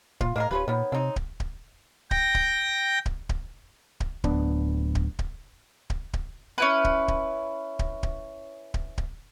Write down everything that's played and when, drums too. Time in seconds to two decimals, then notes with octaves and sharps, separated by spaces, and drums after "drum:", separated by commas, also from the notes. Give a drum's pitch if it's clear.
0.21 A#2 F4, drum: kick D1
0.36 A2 A#3 G#4 A#4 D#5
0.51 D1 C#4 F4 G4 B4
0.68 A#2 D#3 B3 C#5
0.92 C3 C4 D#4
1.16 drum: kick D1
1.40 drum: kick D1
2.11 G5 A#6, drum: kick D1
2.35 drum: kick D1
3.06 drum: kick D1
3.29 drum: kick D1
4.00 drum: kick D1
4.24 D1 B3 D4, drum: kick D1
4.95 drum: kick D1
5.19 drum: kick D1
5.90 drum: kick D1
6.13 drum: kick D1
6.58 C#4 E4 B4
6.85 drum: kick D1
7.08 drum: kick D1
7.79 drum: kick D1
8.03 drum: kick D1
8.74 drum: kick D1
8.98 drum: kick D1